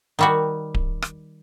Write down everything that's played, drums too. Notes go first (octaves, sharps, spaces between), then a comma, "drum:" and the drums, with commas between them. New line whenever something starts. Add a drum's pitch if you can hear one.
D#3 G3 F#4
drum: kick D1
drum: rim click